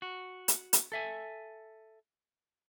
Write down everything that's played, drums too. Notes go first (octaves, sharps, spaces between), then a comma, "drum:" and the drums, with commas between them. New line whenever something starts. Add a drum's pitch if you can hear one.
F#4
drum: hi-hat
drum: hi-hat
A4 E5 G#5